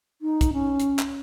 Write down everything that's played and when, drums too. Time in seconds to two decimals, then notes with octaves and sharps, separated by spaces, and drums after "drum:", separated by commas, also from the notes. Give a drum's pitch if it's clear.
0.22 D#4
0.41 drum: kick, hi-hat
0.53 C#4
0.80 drum: hi-hat
0.99 drum: clap